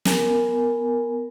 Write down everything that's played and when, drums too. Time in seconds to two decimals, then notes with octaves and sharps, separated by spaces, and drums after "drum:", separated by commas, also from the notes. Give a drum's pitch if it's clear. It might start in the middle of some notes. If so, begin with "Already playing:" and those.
0.05 B3 A#4 G#5, drum: snare